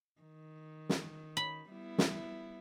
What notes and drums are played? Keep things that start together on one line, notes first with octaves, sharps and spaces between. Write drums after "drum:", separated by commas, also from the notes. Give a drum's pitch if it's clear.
D#3
drum: snare
B5
G3 B3 E4
drum: snare